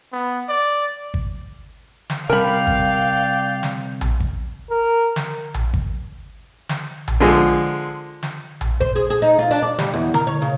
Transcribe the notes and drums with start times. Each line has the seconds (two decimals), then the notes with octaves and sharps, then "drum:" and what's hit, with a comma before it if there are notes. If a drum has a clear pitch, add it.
0.12 B3
0.49 D5
1.14 drum: kick G#1
2.10 drum: snare
2.30 C3 G3 A#4 D5 F5 G5 B5
2.67 drum: kick G#1
3.63 drum: snare
4.01 drum: tom A#1
4.20 drum: kick G#1
4.70 A#4
5.16 drum: snare
5.54 drum: tom A#1
5.74 drum: kick G#1
6.69 drum: snare
7.08 drum: tom A#1
7.20 D3 F3 G#3
8.23 drum: snare
8.61 drum: tom A#1
8.80 C5, drum: kick G#1
8.96 G#4
9.10 G#4
9.22 D#4
9.39 F4
9.51 D4
9.62 D5
9.79 G3, drum: snare
9.94 E2
10.14 A#4, drum: tom D3
10.27 C#5
10.42 C#3